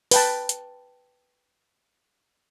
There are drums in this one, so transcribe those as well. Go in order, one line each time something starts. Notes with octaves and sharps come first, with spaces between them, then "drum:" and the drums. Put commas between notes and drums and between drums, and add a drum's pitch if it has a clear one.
B4 G5 A5, drum: open hi-hat
drum: hi-hat